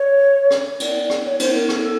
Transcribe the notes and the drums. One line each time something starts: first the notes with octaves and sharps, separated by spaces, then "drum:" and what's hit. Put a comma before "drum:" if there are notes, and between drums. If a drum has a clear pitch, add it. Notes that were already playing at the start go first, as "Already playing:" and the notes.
Already playing: C#5
drum: rim click
D5, drum: cymbal
drum: rim click
C#5
C5, drum: cymbal
A#4
A4, drum: rim click